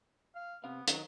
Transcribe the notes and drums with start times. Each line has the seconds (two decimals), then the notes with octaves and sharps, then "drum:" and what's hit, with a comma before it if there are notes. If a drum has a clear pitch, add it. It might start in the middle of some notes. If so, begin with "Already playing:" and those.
0.35 F5
0.64 C3 B3 C4 F5
0.88 D#3 F#3 D#4, drum: hi-hat